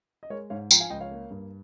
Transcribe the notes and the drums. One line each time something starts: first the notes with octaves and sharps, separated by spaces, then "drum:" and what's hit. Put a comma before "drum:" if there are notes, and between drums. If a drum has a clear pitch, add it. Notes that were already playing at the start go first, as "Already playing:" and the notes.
D#5
G#3 A#4 C#5
G#2 C#5 F5
F3 G5 A#5, drum: tambourine
F5 G#5
C#2 D#5 G5
C#5 F5
A#3
G2